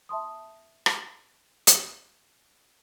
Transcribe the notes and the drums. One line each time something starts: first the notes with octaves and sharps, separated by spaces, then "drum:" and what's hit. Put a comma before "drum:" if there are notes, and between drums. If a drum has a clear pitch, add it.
E5 A5 C6 D#6
drum: rim click
drum: hi-hat